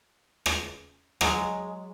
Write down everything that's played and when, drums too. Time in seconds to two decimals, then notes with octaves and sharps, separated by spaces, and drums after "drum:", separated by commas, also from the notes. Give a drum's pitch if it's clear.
0.46 drum: rim click
1.21 F#3 G#3, drum: rim click